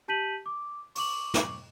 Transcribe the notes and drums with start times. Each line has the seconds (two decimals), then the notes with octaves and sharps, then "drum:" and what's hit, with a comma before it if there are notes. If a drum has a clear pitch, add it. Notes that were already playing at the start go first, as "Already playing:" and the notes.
0.08 G4 A5 G6 B6 D#7 F#7
0.46 D6
0.95 C#6 D6 F#7, drum: open hi-hat
1.34 drum: snare